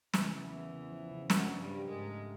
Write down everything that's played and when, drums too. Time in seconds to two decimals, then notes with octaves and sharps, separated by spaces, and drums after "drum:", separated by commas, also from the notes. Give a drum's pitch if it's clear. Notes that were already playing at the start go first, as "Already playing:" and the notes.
0.14 E2 C#3 E3, drum: snare
0.33 C#3
0.43 E2 E3
0.53 A#3
0.73 C#3
0.91 F3
1.11 C#3
1.30 F#2 F#3 A#4, drum: snare
1.49 D4
1.60 G2 G3
1.69 G4
1.88 G#2 G#3 A#4
2.08 A3